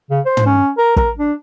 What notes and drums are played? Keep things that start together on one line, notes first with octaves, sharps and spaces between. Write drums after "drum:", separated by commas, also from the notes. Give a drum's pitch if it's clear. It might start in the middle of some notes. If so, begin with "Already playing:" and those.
C#3
C5
drum: tom
C#4
A#4
A#4, drum: kick
D4